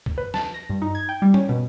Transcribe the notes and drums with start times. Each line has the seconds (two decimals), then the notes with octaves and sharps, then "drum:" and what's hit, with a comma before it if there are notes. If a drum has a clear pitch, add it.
0.06 drum: kick
0.18 B4
0.34 A5, drum: snare
0.54 A#6
0.70 G2
0.82 D#4
0.95 G#6
1.09 G5
1.22 G3
1.34 C#4, drum: tom
1.49 B2